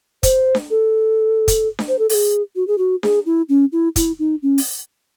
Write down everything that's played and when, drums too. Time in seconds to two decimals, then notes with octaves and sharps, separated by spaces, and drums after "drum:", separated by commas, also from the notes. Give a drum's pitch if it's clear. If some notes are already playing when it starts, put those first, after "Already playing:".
0.23 C5, drum: kick, hi-hat
0.55 drum: snare D4
0.70 A4
1.48 drum: kick, hi-hat
1.79 drum: snare D4
1.88 C5
1.99 A4
2.09 A4, drum: open hi-hat
2.14 G#4
2.56 F#4
2.67 G#4
2.78 F#4
3.03 G#4, drum: snare D4
3.26 E4
3.49 C#4
3.72 E4
3.96 E4, drum: kick, hi-hat
4.19 D#4
4.43 C#4
4.58 drum: open hi-hat